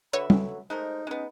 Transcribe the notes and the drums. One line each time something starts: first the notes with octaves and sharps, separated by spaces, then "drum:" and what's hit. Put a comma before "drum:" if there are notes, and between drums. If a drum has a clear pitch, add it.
D3 F#4 B4 C#5 E5 B5
F#3 A4, drum: tom
G#3 A3 D#4 A#4 C5
G#3 B3 C#4